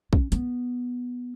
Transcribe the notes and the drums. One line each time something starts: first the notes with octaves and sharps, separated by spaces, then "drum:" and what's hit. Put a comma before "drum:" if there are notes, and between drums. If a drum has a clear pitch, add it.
C#4, drum: kick
B3, drum: hi-hat